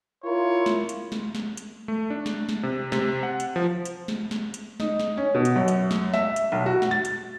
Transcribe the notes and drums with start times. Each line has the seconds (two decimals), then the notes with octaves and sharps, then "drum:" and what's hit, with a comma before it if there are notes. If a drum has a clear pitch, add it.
0.24 E4 F4 A#4 C#5
0.66 drum: snare
0.89 drum: hi-hat
1.12 drum: snare
1.35 drum: snare
1.57 drum: hi-hat
1.88 A3
2.10 D4
2.26 drum: snare
2.49 drum: snare
2.63 C3
2.92 C3, drum: snare
3.23 F#5
3.40 drum: hi-hat
3.56 F3
3.85 drum: hi-hat
4.08 drum: snare
4.31 drum: snare
4.54 drum: hi-hat
4.80 D#4, drum: snare
4.99 drum: snare
5.17 C#4
5.35 B2
5.45 drum: hi-hat
5.56 F#2
5.68 drum: hi-hat
5.91 drum: snare
6.14 E5, drum: snare
6.36 drum: hi-hat
6.52 B1
6.66 F#4
6.82 drum: snare
6.91 A6
7.05 drum: hi-hat